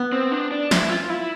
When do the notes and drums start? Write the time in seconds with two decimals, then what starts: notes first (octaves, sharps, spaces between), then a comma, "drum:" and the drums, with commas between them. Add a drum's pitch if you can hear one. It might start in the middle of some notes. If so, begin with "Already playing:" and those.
Already playing: B3
0.12 C4
0.32 D4
0.51 D4
0.71 E4, drum: snare
0.91 F4
1.10 E4